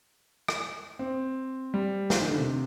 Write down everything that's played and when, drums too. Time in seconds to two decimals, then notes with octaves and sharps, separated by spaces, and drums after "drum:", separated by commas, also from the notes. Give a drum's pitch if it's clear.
0.48 drum: rim click
0.99 C4
1.74 G3
2.10 F3, drum: snare
2.21 D#3
2.29 D3
2.38 C3